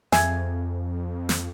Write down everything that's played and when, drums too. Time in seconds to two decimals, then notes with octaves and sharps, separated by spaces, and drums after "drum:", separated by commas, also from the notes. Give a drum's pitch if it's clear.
0.12 F2 G#4 E5 G#5, drum: snare
1.29 drum: snare